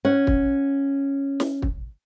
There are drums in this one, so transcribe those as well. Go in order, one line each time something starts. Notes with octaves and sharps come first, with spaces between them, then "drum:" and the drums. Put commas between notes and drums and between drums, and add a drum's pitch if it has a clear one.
C#4 F#5
drum: kick
drum: snare
drum: kick